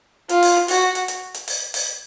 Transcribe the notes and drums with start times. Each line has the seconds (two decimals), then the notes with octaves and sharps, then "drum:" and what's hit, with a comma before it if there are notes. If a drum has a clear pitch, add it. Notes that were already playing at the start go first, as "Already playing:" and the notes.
0.29 F4, drum: hi-hat
0.43 drum: open hi-hat
0.68 F#4, drum: open hi-hat
0.95 drum: hi-hat
1.08 drum: hi-hat
1.34 drum: hi-hat
1.48 drum: open hi-hat
1.74 drum: open hi-hat